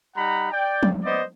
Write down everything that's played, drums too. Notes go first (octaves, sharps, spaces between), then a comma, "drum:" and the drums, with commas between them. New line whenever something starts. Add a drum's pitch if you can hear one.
G3 D#4 F#5 A#5 B5
D5 G5
drum: tom F3
B3 C5 D5 D#5